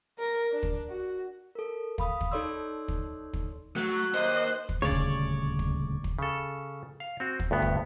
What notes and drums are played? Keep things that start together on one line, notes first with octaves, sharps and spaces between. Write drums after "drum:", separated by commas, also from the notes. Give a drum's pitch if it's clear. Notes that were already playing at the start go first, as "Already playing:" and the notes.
A#4
D4
drum: kick
F#4
A4 A#4
F5 B5 D#6, drum: kick
drum: kick
D#4 A4 C#5 D5 C6 E6
drum: kick
drum: kick
F#3 A3 F#6
D#2 C5 D#5
drum: kick
D#1 D2 C#3 C#5 D5
drum: kick
drum: kick
drum: kick
C#3 A4
F5
C4 F#4
drum: kick
D2 G2 B3
drum: kick